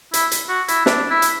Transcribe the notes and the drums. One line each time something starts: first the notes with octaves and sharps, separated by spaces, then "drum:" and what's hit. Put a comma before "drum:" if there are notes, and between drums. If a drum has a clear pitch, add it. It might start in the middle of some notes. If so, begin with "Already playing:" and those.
E4, drum: hi-hat
drum: hi-hat
F#4
E4, drum: hi-hat
D4, drum: snare
E4
drum: hi-hat